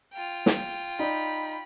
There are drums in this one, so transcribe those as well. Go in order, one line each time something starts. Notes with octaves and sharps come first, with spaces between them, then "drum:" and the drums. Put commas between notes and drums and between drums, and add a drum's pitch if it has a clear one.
F4 G5
drum: snare
D#4 D5 B5